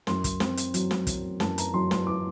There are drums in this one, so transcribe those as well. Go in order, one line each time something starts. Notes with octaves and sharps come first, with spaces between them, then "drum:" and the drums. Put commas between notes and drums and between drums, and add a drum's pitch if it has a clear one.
F#2 C6, drum: snare
drum: kick, hi-hat
C4, drum: snare
drum: hi-hat
F#3, drum: hi-hat
drum: snare
F#3, drum: kick, hi-hat
F#2 A5, drum: snare
A#5, drum: hi-hat
F#3 C6
C6, drum: snare
D6